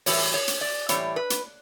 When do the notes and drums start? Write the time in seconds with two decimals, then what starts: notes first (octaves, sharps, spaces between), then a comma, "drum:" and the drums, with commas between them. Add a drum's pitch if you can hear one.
0.06 A2 E3 G3 C#5, drum: open hi-hat
0.34 C#5
0.48 drum: hi-hat
0.61 D5
0.89 A2 E3 G3 C#5, drum: hi-hat
1.16 B4
1.30 drum: hi-hat